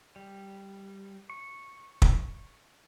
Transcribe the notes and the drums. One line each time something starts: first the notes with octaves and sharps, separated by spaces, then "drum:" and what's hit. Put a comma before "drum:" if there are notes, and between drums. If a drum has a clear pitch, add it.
G3
C#6
drum: kick